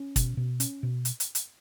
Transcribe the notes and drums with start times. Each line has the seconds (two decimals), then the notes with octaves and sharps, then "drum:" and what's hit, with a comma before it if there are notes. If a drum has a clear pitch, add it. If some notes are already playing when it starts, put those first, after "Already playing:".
Already playing: C#4
0.16 B2, drum: kick, hi-hat
0.37 B2
0.60 C#4, drum: hi-hat
0.83 B2
1.05 drum: hi-hat
1.20 drum: hi-hat
1.35 drum: hi-hat